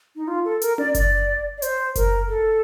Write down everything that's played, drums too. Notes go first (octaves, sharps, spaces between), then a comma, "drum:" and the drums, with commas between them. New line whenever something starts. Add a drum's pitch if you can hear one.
D#4
F4
A4
A#4, drum: hi-hat
D5, drum: tom C#4
D5, drum: kick F#1, hi-hat
D5
C5, drum: hi-hat
A#4, drum: kick F#1, hi-hat
A4